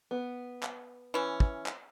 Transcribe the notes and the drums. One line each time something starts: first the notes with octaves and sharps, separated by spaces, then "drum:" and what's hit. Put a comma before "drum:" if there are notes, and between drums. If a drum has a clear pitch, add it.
B3
drum: clap
E3 C#4
drum: kick
drum: clap